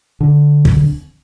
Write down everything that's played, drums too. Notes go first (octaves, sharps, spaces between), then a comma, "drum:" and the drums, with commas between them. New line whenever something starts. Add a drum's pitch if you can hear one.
D3
drum: kick